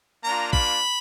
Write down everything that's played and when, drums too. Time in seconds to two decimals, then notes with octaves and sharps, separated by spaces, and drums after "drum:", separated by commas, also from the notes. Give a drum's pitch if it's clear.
0.24 A#3 D4 F4 A#5
0.53 B5, drum: kick